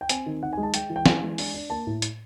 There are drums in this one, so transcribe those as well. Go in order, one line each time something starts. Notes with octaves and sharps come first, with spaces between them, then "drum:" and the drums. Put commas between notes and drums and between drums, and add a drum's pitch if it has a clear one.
G5
C4 G#5, drum: hi-hat
D#3
D#3 F#5
G#5
G#3
A5
G#3 G5, drum: hi-hat
E3
G5
E3 G#5, drum: snare
G#3
D4, drum: open hi-hat
D4
A#3 A5
A2
drum: hi-hat